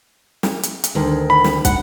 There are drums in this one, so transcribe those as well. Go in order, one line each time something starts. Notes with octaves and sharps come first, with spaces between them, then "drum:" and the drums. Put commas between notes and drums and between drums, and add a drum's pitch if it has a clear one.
drum: snare
drum: hi-hat
drum: hi-hat
D2 D#3
B5
drum: snare
F#5, drum: kick, hi-hat